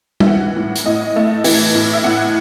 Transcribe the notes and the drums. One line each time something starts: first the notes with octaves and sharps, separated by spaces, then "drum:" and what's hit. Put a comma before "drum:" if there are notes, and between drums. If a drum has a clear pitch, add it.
E5, drum: tom G3
E3 F#5
A2
drum: hi-hat
A2 D#5
A3
E3, drum: open hi-hat
A2
E5
A2 F#5